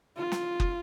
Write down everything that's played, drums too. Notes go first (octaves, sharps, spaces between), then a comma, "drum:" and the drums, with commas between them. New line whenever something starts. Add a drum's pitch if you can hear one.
F4
drum: snare
drum: kick